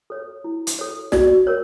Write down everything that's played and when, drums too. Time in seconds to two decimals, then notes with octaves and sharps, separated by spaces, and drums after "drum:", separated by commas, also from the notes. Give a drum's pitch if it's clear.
0.10 A4 C#5
0.44 E4
0.67 drum: hi-hat
0.79 A4 C#5
1.12 F#4 D5, drum: snare
1.47 A#4 C#5